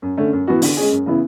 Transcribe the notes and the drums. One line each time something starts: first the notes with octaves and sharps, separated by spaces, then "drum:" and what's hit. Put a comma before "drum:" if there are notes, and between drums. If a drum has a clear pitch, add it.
F#2
D3 A3 C#4
F#2
E3 B3 F#4
D3, drum: open hi-hat
G#3 C#4 G#4
F#2
C#3 E3 B3 E4